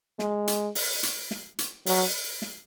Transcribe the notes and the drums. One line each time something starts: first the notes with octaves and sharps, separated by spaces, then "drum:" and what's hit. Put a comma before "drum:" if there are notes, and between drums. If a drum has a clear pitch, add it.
G#3, drum: snare
drum: hi-hat
drum: open hi-hat
drum: hi-hat
drum: snare
drum: hi-hat
F#3, drum: open hi-hat
drum: snare